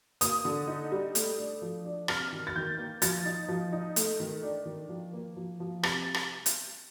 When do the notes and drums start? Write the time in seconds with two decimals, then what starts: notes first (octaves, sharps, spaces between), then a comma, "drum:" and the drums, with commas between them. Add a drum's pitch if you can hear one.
0.21 A#3 D#6, drum: hi-hat
0.45 D3
0.68 D#4
0.92 G3
1.15 A3, drum: hi-hat
1.38 D4
1.62 F3
1.85 D4
2.08 C3 F6, drum: rim click
2.33 D#3
2.47 A6
2.56 D#3 G6
2.78 A#3
3.02 F3 A6, drum: hi-hat
3.25 D#4
3.49 F3
3.72 D#4
3.96 A3, drum: hi-hat
4.20 D#3
4.42 D4
4.66 D#3
4.89 F3
5.14 A#3
5.36 F3
5.60 F3
5.83 C3 A6, drum: rim click
6.14 drum: rim click
6.46 drum: hi-hat